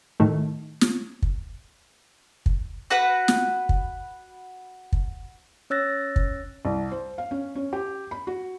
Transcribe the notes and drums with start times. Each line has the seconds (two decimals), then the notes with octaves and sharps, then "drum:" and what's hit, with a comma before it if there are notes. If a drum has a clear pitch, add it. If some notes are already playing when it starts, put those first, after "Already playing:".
0.20 A2 D#3 A3
0.81 drum: snare
1.22 drum: kick
2.46 drum: kick
2.90 F#4 B4 F#5
3.28 drum: snare
3.69 drum: kick
4.93 drum: kick
5.70 C#4 C#5 E6 F#6 A6 A#6
6.16 drum: kick
6.65 C2
6.91 C5
7.18 F5
7.31 C#4
7.55 C#4
7.73 G4
8.11 B5
8.27 F#4